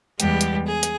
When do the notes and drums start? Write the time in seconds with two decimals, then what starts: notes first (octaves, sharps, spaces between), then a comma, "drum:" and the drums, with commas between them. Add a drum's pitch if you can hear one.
0.20 E2 G3 G#3 B3 G4, drum: hi-hat
0.41 drum: hi-hat
0.65 G#4
0.83 drum: hi-hat